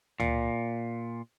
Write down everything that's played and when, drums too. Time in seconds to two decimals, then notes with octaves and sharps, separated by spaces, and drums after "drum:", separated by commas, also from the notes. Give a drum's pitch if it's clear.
0.20 A#2, drum: tom C#2